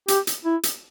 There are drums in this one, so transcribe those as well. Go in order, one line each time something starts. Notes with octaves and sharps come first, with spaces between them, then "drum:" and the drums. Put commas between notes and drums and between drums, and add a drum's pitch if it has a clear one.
G4, drum: hi-hat
drum: hi-hat
E4
drum: hi-hat